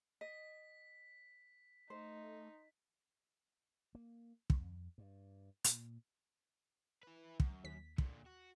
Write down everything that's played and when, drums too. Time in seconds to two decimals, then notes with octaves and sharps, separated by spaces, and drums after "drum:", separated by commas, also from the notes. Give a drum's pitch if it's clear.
0.21 D#5 B6
1.90 A3 D#4 C5
3.95 A#3
4.50 F2, drum: kick
4.98 G2
5.64 A#2, drum: hi-hat
7.03 E4 B4
7.40 F#2, drum: kick
7.64 D#2 B6
7.98 A#2 D3, drum: kick
8.26 F#4